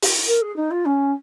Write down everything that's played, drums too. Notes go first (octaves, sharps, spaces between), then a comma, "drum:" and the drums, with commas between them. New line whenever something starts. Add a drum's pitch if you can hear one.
drum: open hi-hat
A#4
G#4
D#4
F4
C#4